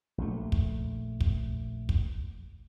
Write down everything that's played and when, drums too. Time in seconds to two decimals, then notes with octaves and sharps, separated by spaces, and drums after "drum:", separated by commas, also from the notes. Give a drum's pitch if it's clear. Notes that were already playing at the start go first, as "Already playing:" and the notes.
0.18 A#1 A3
0.52 drum: kick
1.21 drum: kick
1.89 drum: kick